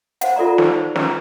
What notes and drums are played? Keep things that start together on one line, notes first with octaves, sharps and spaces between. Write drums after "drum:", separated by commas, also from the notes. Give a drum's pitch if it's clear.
C5 F5 F#5, drum: hi-hat
F4 A4 D5 A#5
D#4 C5, drum: snare
C5
C#4 B4 A#5, drum: snare